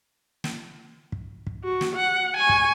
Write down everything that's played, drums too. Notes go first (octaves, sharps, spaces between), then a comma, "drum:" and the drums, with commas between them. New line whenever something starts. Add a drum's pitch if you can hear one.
drum: snare
drum: kick
drum: kick
F#4
drum: snare
F#5
G#5 C#6
drum: kick